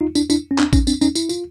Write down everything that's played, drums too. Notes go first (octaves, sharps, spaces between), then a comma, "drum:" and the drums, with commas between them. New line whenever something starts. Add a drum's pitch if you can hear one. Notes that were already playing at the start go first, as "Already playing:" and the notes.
D#4 F4
D4 E4, drum: tambourine
D4 E4, drum: tambourine
C#4
C4 D4, drum: clap
C#4 D#4, drum: kick A1, tambourine
C4 D4, drum: tambourine
C#4 D#4, drum: tambourine
E4, drum: tambourine
F4, drum: tambourine